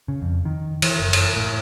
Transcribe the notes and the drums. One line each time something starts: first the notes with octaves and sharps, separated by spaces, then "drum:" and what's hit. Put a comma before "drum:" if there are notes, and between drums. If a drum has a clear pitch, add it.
C#3
F2
D#3
E3, drum: cymbal
F#1
drum: cymbal
A2